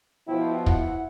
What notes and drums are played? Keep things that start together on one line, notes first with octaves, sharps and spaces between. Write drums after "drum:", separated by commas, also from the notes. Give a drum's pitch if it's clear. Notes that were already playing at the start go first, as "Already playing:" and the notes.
B2 F3 E4 G5
E4 F#5, drum: kick